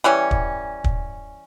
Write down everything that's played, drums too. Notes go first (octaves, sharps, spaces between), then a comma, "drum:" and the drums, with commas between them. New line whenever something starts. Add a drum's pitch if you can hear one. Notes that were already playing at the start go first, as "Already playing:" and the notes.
E3 G3 C#4
drum: kick
drum: kick